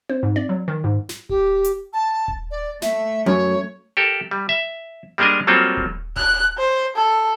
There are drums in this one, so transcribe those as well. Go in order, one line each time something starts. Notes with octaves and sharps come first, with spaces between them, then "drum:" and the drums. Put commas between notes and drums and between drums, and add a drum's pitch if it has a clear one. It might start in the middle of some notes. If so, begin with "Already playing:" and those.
C5, drum: tom C4
G#2
D5, drum: tom C4
F#3
D#3
G#2
drum: snare
G4, drum: kick D#1
drum: hi-hat
A5
drum: kick D#1
D5
A3 E5, drum: snare
F#2 C#5
G4 A4 A#4
G3
E5
G3 G#3 A#3 D4 A#4 D#5
F#3 G3 A#3 C4 F4 A4
drum: kick D#1
F#6, drum: kick D#1
C5
A4